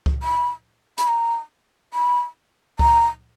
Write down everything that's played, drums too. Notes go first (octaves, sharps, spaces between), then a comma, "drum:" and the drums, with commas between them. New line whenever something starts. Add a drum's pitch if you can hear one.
drum: kick C#2
B5
B5, drum: hi-hat
A#5
B5
A#5, drum: kick C#2